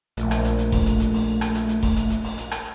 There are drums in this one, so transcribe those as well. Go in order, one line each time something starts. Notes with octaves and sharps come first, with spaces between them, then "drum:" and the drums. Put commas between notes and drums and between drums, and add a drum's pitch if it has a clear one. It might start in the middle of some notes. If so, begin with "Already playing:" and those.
A#1 A3, drum: hi-hat
drum: rim click
drum: hi-hat
drum: hi-hat
drum: kick F1, open hi-hat
drum: hi-hat
drum: hi-hat
drum: open hi-hat
drum: rim click
drum: hi-hat
drum: hi-hat
drum: kick F1, open hi-hat
drum: hi-hat
drum: hi-hat
drum: open hi-hat
drum: hi-hat
drum: rim click